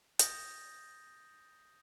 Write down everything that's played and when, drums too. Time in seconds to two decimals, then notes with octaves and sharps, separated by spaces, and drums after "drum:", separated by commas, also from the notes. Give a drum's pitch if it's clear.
0.19 D#6 G6 A6 A#6, drum: hi-hat